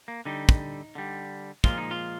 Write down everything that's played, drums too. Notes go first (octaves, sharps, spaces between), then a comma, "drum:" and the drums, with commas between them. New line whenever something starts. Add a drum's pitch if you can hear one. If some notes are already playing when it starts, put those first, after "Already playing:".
A#3
D3 G3 D#4
drum: kick
D3 G3
A#2 F3 G#3 F4, drum: kick
D#4
F4